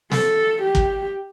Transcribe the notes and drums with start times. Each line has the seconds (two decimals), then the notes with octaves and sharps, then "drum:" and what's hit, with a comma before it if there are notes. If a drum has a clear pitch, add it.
0.12 A4, drum: snare
0.62 G4
0.75 drum: kick